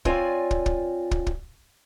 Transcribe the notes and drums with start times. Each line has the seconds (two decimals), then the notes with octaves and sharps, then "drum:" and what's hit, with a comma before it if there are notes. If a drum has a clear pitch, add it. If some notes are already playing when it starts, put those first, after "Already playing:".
0.05 C4 F4 C#5 D5 G#5, drum: kick
0.51 drum: kick
0.66 drum: kick
1.11 drum: kick
1.27 drum: kick